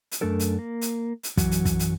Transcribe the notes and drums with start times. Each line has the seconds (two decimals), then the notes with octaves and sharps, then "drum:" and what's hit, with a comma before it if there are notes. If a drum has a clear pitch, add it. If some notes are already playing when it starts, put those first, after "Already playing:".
0.12 drum: hi-hat
0.21 F#2 A3 D4 A4 A#4
0.40 drum: hi-hat
0.59 A#3
0.81 drum: hi-hat
1.23 drum: hi-hat
1.37 F#2 E3 F#3, drum: kick, hi-hat
1.51 drum: hi-hat
1.65 drum: kick, hi-hat
1.79 drum: hi-hat